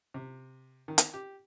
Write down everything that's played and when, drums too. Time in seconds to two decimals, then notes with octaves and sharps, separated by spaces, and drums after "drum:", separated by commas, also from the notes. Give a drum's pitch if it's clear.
0.14 C3
0.88 D#3
0.98 drum: hi-hat
1.14 G4